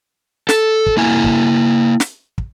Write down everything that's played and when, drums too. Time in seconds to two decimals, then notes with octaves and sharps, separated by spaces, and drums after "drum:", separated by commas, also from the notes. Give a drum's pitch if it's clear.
0.49 A4, drum: snare
0.86 drum: kick
0.97 A#3 E4 G#5
1.24 drum: kick
2.00 drum: snare
2.38 drum: kick